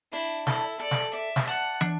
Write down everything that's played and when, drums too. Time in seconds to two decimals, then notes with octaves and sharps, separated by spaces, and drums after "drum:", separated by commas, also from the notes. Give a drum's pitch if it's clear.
0.12 D4 E4
0.47 E4 A4, drum: snare
0.80 A4 D5
0.91 drum: snare
1.13 D5 E5
1.36 drum: snare
1.47 F#5 A5
1.81 D4, drum: tom